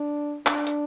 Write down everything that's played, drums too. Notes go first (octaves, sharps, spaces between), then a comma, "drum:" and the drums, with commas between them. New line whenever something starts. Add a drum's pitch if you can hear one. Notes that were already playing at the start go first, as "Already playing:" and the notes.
Already playing: D4
D4, drum: clap
drum: hi-hat